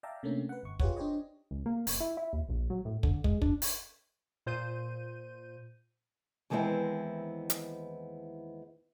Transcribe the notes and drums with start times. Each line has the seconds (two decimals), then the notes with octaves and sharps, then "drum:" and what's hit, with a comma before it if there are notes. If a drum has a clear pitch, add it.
0.03 D5 E5 F5 G5 A5 A#5
0.23 C3 A3 A#3 C#4 D4
0.49 B4 F#5
0.63 G1 C#6
0.79 F4 G4 G#4 B4 C#5 F#5, drum: kick
0.96 D4 G4 C5 C#5 D#5
1.51 C#2
1.66 A#3
1.87 F#1, drum: open hi-hat
2.00 E4
2.17 E4
2.33 D#2
2.49 A#1
2.70 F#3
2.85 A2
3.03 D3, drum: kick
3.24 G#3, drum: kick
3.42 D4, drum: kick
3.62 drum: open hi-hat
4.46 A#2 C5 G6 D#7
6.50 D#2 E3 G#3 B3 C4 E4
7.50 drum: hi-hat